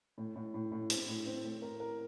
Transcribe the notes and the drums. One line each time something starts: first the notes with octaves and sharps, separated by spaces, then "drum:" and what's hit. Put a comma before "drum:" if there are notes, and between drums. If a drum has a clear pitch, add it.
A2
A2
A2
A2
C4, drum: hi-hat
A2
C4
A2
A#4
A#4